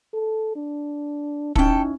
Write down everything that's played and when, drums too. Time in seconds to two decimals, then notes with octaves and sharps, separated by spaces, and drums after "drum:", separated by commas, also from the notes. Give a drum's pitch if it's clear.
0.14 A4
0.56 D4
1.56 C#4 D#4 E4 A4 G5, drum: kick